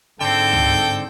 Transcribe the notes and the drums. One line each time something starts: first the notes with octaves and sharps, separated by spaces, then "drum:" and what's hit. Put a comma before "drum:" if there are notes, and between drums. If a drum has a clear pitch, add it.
G#2 D3 C4 A4 G5
drum: tom C#2